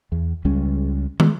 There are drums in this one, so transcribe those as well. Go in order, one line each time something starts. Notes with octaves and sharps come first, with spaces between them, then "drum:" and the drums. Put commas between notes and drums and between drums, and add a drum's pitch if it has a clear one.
E2
C#2 G3 G#3 C#4
G#3, drum: tom